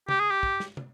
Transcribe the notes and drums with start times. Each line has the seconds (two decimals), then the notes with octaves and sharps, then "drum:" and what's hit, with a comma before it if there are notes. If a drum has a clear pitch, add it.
0.09 G4, drum: tom
0.20 G#4
0.30 G4
0.43 drum: kick
0.60 drum: snare
0.77 drum: tom